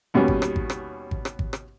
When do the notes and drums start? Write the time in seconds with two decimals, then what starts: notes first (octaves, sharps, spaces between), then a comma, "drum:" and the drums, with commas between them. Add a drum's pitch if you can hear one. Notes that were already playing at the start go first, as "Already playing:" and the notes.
0.14 D#2 B2 G3 C#4
0.28 drum: kick G#1
0.42 drum: rim click
0.56 drum: kick G#1
0.70 drum: rim click
1.11 drum: kick G#1
1.25 drum: rim click
1.39 drum: kick G#1
1.53 drum: rim click